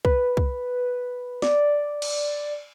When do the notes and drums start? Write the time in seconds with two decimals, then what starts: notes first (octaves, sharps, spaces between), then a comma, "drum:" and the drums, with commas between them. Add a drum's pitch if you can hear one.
0.05 B4, drum: kick
0.37 drum: kick
1.42 D5, drum: snare
2.02 drum: cymbal